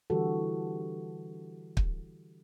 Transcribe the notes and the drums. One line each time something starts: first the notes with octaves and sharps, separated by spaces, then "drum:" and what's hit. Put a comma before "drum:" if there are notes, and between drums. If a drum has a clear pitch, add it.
D3 E3 G3 F#4 G4 A4
drum: kick